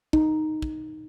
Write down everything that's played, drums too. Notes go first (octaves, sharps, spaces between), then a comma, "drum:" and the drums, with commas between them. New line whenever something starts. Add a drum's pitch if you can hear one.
D#4, drum: kick
drum: kick